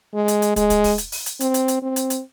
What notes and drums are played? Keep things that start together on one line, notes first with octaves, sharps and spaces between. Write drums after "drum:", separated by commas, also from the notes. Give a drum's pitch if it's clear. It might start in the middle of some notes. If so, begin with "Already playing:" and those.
G#3
drum: hi-hat
drum: hi-hat
G#3, drum: kick, hi-hat
drum: kick, hi-hat
drum: kick, open hi-hat
drum: hi-hat
drum: open hi-hat
drum: hi-hat
C4, drum: hi-hat
drum: hi-hat
drum: hi-hat
C4
drum: hi-hat
drum: hi-hat